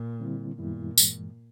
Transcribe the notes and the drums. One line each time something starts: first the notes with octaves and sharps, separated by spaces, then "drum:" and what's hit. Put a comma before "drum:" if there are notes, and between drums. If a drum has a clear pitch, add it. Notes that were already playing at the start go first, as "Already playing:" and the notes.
Already playing: A#2
D3 G3 C4 E4
F#2 A#2 D#3 G3 B3 E4
G2 E3 G#3, drum: tambourine